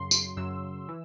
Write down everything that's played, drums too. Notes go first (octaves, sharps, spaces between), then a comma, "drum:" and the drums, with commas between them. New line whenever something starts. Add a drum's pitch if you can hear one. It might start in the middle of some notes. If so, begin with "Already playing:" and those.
Already playing: F#2 C#3 F#3 C6
C6, drum: tambourine
F#2 C#3 F#3 E6
E3